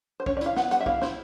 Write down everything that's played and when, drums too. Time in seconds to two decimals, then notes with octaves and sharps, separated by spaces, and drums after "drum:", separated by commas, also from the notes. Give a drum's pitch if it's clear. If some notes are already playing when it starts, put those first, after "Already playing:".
0.20 C5
0.26 C#4 C#5, drum: kick
0.37 D5
0.41 E4 F5, drum: hi-hat
0.56 B3 F#5, drum: snare
0.71 G3 F#5, drum: hi-hat
0.80 E5
0.86 E4 F5, drum: kick
1.02 E4 C5, drum: snare